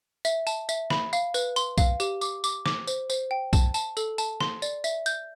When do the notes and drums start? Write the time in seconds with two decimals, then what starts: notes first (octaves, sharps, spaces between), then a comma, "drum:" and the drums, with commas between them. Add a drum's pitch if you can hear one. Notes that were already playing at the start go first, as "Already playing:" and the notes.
0.25 E5, drum: tambourine
0.47 A5, drum: tambourine
0.69 E5, drum: tambourine
0.90 B5, drum: snare
1.13 F5, drum: tambourine
1.34 B4, drum: tambourine
1.56 C6, drum: tambourine
1.78 F5, drum: kick B1, tambourine
2.00 G4, drum: tambourine
2.21 D6, drum: tambourine
2.44 D6, drum: tambourine
2.66 D6, drum: snare
2.87 C5, drum: tambourine
3.10 C5, drum: tambourine
3.31 G5
3.53 A5, drum: kick B1, tambourine
3.74 A5, drum: tambourine
3.97 A4, drum: tambourine
4.18 A5, drum: tambourine
4.41 C6, drum: snare
4.62 D5, drum: tambourine
4.84 E5, drum: tambourine
5.06 G6, drum: tambourine